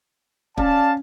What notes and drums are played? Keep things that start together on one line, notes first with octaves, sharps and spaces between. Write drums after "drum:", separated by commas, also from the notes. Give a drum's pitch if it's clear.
C#4 D5 F5 A5, drum: kick